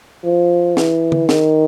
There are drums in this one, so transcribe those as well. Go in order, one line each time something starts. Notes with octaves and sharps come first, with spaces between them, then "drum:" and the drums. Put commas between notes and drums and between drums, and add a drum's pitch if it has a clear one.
F3
E3, drum: snare
drum: tom
D#3, drum: snare